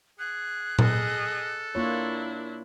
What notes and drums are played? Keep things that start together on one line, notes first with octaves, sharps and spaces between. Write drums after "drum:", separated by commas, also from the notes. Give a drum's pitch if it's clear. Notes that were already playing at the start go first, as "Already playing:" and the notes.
G#4 F#6
G#4 A4 D#5, drum: tom A#2
A#3 D4 E4 F4 C#5